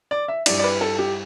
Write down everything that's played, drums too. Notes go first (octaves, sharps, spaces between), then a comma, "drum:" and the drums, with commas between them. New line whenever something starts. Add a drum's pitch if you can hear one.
D5
E5
G2 G3 E4 D5, drum: cymbal
D5
B4
A4
G4